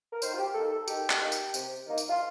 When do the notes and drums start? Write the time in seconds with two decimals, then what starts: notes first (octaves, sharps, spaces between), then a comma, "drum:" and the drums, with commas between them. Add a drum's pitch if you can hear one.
0.13 A#4
0.22 D#3 C5, drum: tambourine
0.34 F4
0.38 G4
0.54 A#3 D#4 A4
0.71 A4
0.88 D#3 G4, drum: tambourine
1.10 drum: clap
1.21 A#3 D#4
1.32 drum: tambourine
1.54 C3, drum: tambourine
1.86 D#3 A#3 D#4
1.98 drum: tambourine
2.09 F4